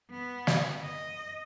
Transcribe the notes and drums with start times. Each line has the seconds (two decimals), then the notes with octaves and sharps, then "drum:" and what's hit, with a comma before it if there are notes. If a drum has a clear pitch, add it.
0.11 B3
0.47 drum: snare
0.84 D#5